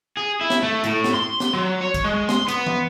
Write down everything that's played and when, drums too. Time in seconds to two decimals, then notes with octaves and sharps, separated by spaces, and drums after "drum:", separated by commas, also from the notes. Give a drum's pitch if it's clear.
0.17 G#4
0.41 E4
0.50 drum: snare
0.63 A3
0.84 A2, drum: hi-hat
1.04 drum: snare
1.14 C6
1.40 drum: snare
1.54 F#3
1.81 C#5
1.94 drum: kick, hi-hat
2.04 G#3
2.29 C6, drum: snare
2.48 B3, drum: hi-hat
2.67 drum: tom